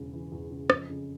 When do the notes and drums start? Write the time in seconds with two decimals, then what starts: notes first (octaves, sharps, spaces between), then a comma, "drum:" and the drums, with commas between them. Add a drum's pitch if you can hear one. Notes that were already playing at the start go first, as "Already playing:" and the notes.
Already playing: E1 E2 C#3
0.13 E3
0.32 E2
0.51 C#3
0.70 F2, drum: rim click
0.90 C#3